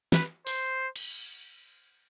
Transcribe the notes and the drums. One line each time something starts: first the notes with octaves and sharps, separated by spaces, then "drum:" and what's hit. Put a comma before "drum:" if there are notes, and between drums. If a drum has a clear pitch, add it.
B4, drum: snare
C5, drum: open hi-hat
drum: cymbal